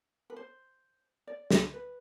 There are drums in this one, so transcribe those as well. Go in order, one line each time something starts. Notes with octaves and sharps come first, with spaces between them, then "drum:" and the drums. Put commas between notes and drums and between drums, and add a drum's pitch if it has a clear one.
B4
C5
D5
C5, drum: snare
B4